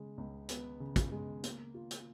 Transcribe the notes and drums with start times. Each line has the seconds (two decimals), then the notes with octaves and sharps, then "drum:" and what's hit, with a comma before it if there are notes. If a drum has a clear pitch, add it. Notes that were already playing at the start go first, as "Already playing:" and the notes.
Already playing: C#3 G#3
0.18 C#2
0.49 B3, drum: hi-hat
0.80 C#3
0.96 drum: kick, hi-hat
1.12 G#3
1.43 A#3, drum: hi-hat
1.74 F4
1.91 drum: hi-hat